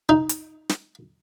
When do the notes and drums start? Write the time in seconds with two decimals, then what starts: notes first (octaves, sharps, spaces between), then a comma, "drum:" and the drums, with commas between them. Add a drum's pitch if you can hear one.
0.09 D#4
0.29 drum: hi-hat
0.69 drum: snare